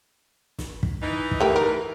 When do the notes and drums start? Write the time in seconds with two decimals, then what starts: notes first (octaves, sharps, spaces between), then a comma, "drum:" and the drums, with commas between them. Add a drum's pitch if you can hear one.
0.58 drum: snare
0.83 drum: kick
1.02 E3 D#4
1.31 drum: kick
1.40 A3 G4 A#4
1.56 A#4